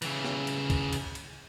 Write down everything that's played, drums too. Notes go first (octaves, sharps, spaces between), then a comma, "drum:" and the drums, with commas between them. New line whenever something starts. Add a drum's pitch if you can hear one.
C#3 E3, drum: cymbal
drum: snare
drum: cymbal
drum: kick, cymbal
drum: cymbal
drum: cymbal